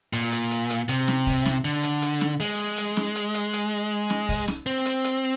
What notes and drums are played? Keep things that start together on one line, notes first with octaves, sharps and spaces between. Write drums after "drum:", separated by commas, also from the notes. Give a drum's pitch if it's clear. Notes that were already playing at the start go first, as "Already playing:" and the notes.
A#2, drum: hi-hat
drum: hi-hat
drum: hi-hat
drum: hi-hat
C3, drum: hi-hat
drum: snare
drum: kick C2, open hi-hat
drum: snare
D3
drum: hi-hat
drum: hi-hat
drum: snare
G#3, drum: open hi-hat
drum: hi-hat
drum: snare
drum: hi-hat
drum: hi-hat
drum: hi-hat
drum: snare
drum: kick C2, open hi-hat
drum: snare
C4
drum: hi-hat
drum: hi-hat